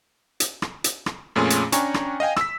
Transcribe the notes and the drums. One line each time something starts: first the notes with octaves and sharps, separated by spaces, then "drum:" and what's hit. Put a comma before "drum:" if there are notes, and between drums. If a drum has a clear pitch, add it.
drum: hi-hat
drum: rim click
drum: hi-hat
drum: rim click
F2 A#2 A3 C#4 G#4 C6
drum: hi-hat
C#4 D4 G5 G#5 A#5 C#6, drum: hi-hat
drum: rim click
D#5 F5 G5 G#5
E6 B6, drum: rim click